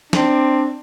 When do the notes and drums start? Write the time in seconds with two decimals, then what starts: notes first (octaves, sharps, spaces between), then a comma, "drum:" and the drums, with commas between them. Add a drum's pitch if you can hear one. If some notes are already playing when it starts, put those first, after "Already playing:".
0.13 C4 D4, drum: snare